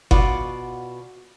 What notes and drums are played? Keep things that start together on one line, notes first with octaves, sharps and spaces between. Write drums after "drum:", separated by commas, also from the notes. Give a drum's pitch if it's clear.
B2 F4 D5 F#5, drum: kick G1